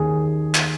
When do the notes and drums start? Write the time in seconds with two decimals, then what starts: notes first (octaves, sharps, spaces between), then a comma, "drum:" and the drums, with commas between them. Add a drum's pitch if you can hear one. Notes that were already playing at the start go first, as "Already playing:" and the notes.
Already playing: D#2 D#3 G#4
0.55 drum: clap